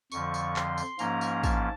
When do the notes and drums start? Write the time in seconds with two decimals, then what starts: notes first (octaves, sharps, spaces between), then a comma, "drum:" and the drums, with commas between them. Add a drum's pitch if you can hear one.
0.12 F2 D3 F3 C#6, drum: tambourine
0.34 drum: tambourine
0.56 C6, drum: clap
0.78 drum: tambourine
0.99 G#2 F3 A#3 C#4 A#5, drum: tambourine
1.21 drum: tambourine
1.43 A5, drum: kick, tambourine